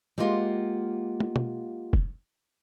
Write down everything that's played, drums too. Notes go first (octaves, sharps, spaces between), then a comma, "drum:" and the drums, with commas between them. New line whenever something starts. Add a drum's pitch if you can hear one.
G3 G#3 A#3 F4 G4 F#5
drum: tom
drum: tom
drum: kick